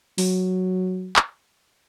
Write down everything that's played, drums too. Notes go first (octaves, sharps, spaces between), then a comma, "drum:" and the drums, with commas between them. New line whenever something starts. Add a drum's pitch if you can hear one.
F#3, drum: open hi-hat
drum: clap